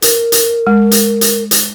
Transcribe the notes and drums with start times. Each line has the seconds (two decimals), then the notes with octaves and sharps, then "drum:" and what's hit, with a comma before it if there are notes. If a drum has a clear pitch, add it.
0.02 A#4, drum: hi-hat
0.32 drum: hi-hat
0.67 G#3
0.91 drum: hi-hat
1.21 drum: hi-hat
1.51 drum: hi-hat